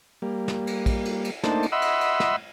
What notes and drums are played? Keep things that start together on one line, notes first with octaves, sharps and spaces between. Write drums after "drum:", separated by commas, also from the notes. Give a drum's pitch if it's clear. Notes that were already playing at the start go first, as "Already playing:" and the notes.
G3 A#3
drum: snare
drum: cymbal
drum: kick, cymbal
drum: cymbal
drum: cymbal
A3 A#3 D4 D#4 C5 A5, drum: snare
drum: cymbal
D#5 E5 F#5 B5 C6 E6
drum: cymbal
drum: cymbal
drum: snare